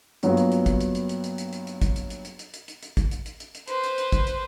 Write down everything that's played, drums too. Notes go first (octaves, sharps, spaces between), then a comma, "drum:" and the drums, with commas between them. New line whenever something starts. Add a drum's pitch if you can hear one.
G2 F#3 A#3 B3 F4 F#4, drum: hi-hat
drum: hi-hat
drum: hi-hat
drum: kick, hi-hat
drum: hi-hat
drum: hi-hat
drum: hi-hat
drum: hi-hat
drum: hi-hat
drum: hi-hat
drum: hi-hat
drum: kick, hi-hat
drum: hi-hat
drum: hi-hat
drum: hi-hat
drum: hi-hat
drum: hi-hat
drum: hi-hat
drum: hi-hat
drum: kick, hi-hat
drum: hi-hat
drum: hi-hat
drum: hi-hat
drum: hi-hat
B4 C5, drum: hi-hat
drum: hi-hat
drum: hi-hat
drum: kick, hi-hat
drum: hi-hat